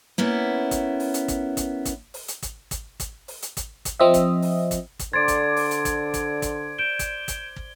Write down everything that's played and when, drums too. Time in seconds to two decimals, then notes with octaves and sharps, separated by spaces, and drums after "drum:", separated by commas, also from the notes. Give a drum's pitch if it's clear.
0.18 A#3 B3 C#4 E4
0.71 drum: kick, hi-hat
1.00 drum: open hi-hat
1.14 drum: hi-hat
1.28 drum: kick, hi-hat
1.57 drum: kick, hi-hat
1.85 drum: kick, hi-hat
2.14 drum: open hi-hat
2.28 drum: hi-hat
2.42 drum: kick, hi-hat
2.71 drum: kick, hi-hat
3.00 drum: kick, hi-hat
3.28 drum: open hi-hat
3.42 drum: hi-hat
3.57 drum: kick, hi-hat
3.85 drum: kick, hi-hat
4.00 F3 C4 D#5 E5
4.14 drum: kick, hi-hat
4.42 drum: open hi-hat
4.71 drum: kick, hi-hat
4.99 drum: kick, hi-hat
5.13 D3 C5 D5 G#6 A6 D7
5.28 drum: kick, hi-hat
5.57 drum: open hi-hat
5.71 drum: hi-hat
5.85 drum: kick, hi-hat
6.14 drum: kick, hi-hat
6.42 drum: kick, hi-hat
6.78 G6 D7 E7 G7
6.99 drum: kick, hi-hat
7.28 drum: kick, hi-hat
7.56 drum: kick